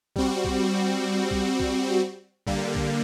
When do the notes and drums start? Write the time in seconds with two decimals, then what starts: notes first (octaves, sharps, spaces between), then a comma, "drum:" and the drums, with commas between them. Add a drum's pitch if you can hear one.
0.16 G3 C4 F#4, drum: kick
0.45 drum: kick
1.31 drum: kick
1.60 drum: kick
2.47 D3 G3 A#3, drum: kick
2.75 drum: kick